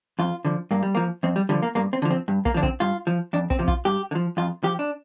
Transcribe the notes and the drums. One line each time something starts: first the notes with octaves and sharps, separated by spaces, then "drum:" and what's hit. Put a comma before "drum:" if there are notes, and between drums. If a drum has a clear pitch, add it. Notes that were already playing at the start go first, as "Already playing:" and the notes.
F2 F4
D3 F3
G2 A#3
G3
F3 A#3
F2 C4
G3
D3 F3 G3
A#3
G2 A#3
C4
D3 F3
C4
G2
A#3, drum: kick
D3 F3 D4
C4, drum: kick
G2 F4
F3
F2 D4
C4, drum: kick
C3 F3
F4, drum: kick
G2 G4
D3
F3
F2 F4
F3 G4
D4